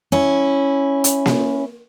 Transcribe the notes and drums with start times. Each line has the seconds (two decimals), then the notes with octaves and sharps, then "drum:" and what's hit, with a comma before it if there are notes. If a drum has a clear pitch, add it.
0.12 C#4 E4
1.04 drum: hi-hat
1.26 drum: snare A#3